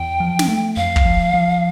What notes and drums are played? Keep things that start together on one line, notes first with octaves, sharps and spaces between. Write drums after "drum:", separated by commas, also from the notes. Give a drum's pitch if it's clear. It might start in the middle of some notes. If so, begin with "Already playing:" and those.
Already playing: E2 G5
F3
drum: snare
A3
F2 F5
drum: kick
F3
F3